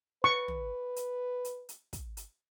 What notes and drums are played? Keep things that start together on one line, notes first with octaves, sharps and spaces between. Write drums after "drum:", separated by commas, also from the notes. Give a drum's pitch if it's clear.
B4 C#6
drum: tom
drum: hi-hat
drum: hi-hat
drum: hi-hat
drum: kick, hi-hat
drum: hi-hat